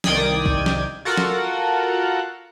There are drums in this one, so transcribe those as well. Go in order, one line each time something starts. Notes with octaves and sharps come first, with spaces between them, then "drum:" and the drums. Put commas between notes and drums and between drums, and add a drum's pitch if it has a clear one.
C2 D#3 D5 G5 D#6 G#6, drum: snare
drum: kick B1
drum: snare
F4 F#4 A4 A#4 F#5
drum: snare